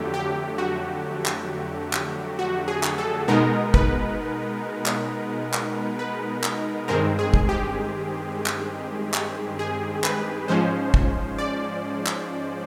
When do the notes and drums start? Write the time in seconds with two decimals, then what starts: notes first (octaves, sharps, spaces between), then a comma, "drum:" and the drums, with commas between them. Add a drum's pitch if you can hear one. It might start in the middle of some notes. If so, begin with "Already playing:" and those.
Already playing: F2 D3 F#3 A3 G4
0.14 G4
0.58 F#4
1.26 drum: clap
1.93 drum: clap
2.39 F#4
2.68 G#4
2.83 drum: clap
2.98 A4
3.28 B2 G#3 B3 D#4 A#4
3.74 B4, drum: kick
4.86 drum: clap
5.53 drum: clap
5.99 B4
6.44 drum: clap
6.88 G2 D#3 G#3 C4 A#4
7.19 G#4
7.34 drum: kick
7.49 G4
8.46 drum: clap
9.14 drum: clap
9.59 G#4
10.04 B4, drum: clap
10.48 G#2 F3 G#3 C#4 C5
10.94 drum: kick
11.38 D5
12.06 drum: clap